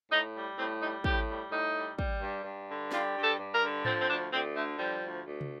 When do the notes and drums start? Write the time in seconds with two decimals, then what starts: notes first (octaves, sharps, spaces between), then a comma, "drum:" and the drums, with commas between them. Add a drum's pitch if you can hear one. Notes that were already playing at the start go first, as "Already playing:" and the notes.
0.11 A2 D#4
0.34 G3
0.57 A2 C4
0.81 G3 D#4
1.04 A2 G4, drum: kick
1.28 G3
1.51 A2 D#4
1.74 G3
1.99 G3, drum: kick
2.22 G2
2.44 G2
2.69 D3
2.92 G3 F4, drum: snare
3.15 G2
3.22 A4
3.38 G2
3.54 A#4
3.62 D3
3.85 F3 C4, drum: tom G#2
3.99 C4
4.08 D2 D4
4.32 D2 C4
4.55 D3 A3
4.78 F3 G3
5.02 D2
5.25 D2
5.41 drum: tom